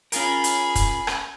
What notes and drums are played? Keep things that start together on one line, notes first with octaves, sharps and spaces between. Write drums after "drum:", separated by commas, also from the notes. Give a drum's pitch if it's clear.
C#4 F4 G#4 A#4 B5, drum: hi-hat
drum: hi-hat
drum: kick, hi-hat
drum: rim click